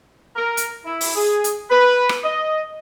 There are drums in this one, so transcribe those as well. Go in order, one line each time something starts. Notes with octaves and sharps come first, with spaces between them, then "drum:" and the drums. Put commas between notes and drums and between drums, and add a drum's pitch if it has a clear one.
A#4
drum: hi-hat
E4
drum: open hi-hat
G#4
drum: hi-hat
B4
drum: rim click
D#5